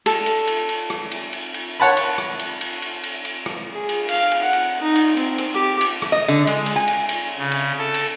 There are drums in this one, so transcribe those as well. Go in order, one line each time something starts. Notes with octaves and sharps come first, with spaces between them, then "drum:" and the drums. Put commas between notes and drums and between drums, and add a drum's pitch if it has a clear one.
A4, drum: cymbal
drum: cymbal
drum: cymbal
drum: cymbal
drum: rim click
drum: cymbal
drum: cymbal
drum: cymbal
C#5 F#5 A5 B5
drum: cymbal
drum: rim click
drum: cymbal
drum: cymbal
drum: cymbal
drum: cymbal
drum: cymbal
drum: rim click
G#4
drum: cymbal
F5, drum: cymbal
drum: cymbal
F#5
drum: cymbal
D#4
drum: cymbal
C4, drum: cymbal
drum: cymbal
G4
drum: cymbal
drum: rim click
D#5
D3
G#3, drum: cymbal
drum: cymbal
G#5
drum: cymbal
drum: cymbal
C#3
drum: cymbal
A4
drum: cymbal